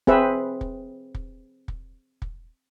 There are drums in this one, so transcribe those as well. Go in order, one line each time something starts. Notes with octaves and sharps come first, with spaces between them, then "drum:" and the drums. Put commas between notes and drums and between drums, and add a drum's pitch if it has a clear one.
C4 G#4 B4 E5, drum: kick
drum: kick
drum: kick
drum: kick
drum: kick